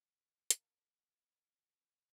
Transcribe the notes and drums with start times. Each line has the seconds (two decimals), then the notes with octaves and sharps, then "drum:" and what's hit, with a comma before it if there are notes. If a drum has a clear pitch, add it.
0.50 A#4 F5 A5 A#5, drum: hi-hat